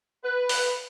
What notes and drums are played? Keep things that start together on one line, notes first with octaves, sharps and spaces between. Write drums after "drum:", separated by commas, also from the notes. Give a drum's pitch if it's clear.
B4
drum: open hi-hat